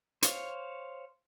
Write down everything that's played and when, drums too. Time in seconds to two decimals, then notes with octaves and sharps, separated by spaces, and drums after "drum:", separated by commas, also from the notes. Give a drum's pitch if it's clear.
0.23 C5 C#5 F5, drum: hi-hat